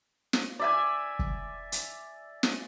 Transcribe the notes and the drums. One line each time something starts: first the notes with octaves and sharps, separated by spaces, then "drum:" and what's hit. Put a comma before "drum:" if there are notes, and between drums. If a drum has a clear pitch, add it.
drum: snare
D5 E5 G#5
drum: kick
drum: hi-hat
drum: snare